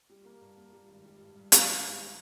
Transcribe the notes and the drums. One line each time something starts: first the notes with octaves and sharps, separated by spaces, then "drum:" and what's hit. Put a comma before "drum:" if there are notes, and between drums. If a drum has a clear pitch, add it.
G3
A#3
G2
A#3
G3
G#1
G3
G2
G2
G2, drum: hi-hat
G#1
G#1